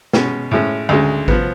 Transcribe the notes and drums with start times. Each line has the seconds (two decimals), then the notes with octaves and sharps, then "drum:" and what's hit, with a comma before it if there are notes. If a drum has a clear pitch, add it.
0.13 B2 G#3 C#4, drum: snare
0.51 A2 G#3 C#4
0.89 D2 C#3 G#3
1.28 F3 B3, drum: kick G#1